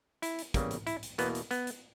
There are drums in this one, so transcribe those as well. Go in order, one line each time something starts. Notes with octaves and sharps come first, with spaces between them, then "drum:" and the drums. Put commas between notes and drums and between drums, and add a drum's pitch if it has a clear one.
E4, drum: hi-hat
drum: hi-hat
E2 C#3 E3 G3 A#3, drum: kick, hi-hat
drum: hi-hat
E4, drum: hi-hat
drum: hi-hat
E2 B2 A#3 B3, drum: hi-hat
drum: hi-hat
B3, drum: hi-hat
drum: hi-hat